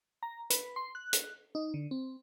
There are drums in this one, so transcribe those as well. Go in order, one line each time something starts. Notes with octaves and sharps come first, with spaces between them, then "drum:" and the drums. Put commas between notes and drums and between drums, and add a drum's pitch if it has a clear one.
A#5
B4, drum: hi-hat
C6
F#6
drum: hi-hat
D#4
D3
C4